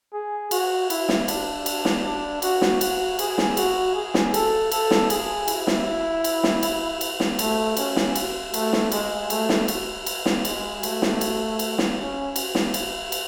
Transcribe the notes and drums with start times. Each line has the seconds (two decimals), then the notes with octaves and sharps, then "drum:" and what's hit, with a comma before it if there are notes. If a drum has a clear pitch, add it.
0.13 G#4
0.51 F#4, drum: cymbal
0.90 E4, drum: cymbal
1.09 drum: snare
1.28 D4, drum: cymbal
1.66 drum: cymbal
1.85 drum: snare
2.04 D4
2.42 F#4, drum: cymbal
2.61 drum: snare
2.81 F#4, drum: cymbal
3.19 G#4, drum: cymbal
3.38 drum: snare
3.57 F#4, drum: cymbal
3.95 G#4
4.14 drum: snare
4.34 A4, drum: cymbal
4.72 A4, drum: cymbal
4.91 drum: snare
5.10 G#4, drum: cymbal
5.48 E4, drum: cymbal
5.67 drum: snare
6.24 drum: cymbal
6.44 drum: snare
6.63 drum: cymbal
7.01 drum: cymbal
7.20 drum: snare
7.39 A3, drum: cymbal
7.77 C#4, drum: cymbal
7.96 drum: snare
8.15 drum: cymbal
8.54 A3, drum: cymbal
8.73 drum: snare
8.92 G#3, drum: cymbal
9.30 A3, drum: cymbal
9.49 drum: snare
9.68 drum: cymbal
10.06 drum: cymbal
10.26 drum: snare
10.45 G#3, drum: cymbal
10.83 A3, drum: cymbal
11.02 drum: snare
11.21 drum: cymbal
11.59 drum: cymbal
11.78 drum: snare
11.97 C#4
12.36 drum: cymbal
12.55 drum: snare
12.74 drum: cymbal
13.12 drum: cymbal